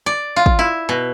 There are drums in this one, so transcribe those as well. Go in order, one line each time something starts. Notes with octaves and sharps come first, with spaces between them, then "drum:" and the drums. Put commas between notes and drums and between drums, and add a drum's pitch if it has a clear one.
D5
F4
drum: kick
E4
B2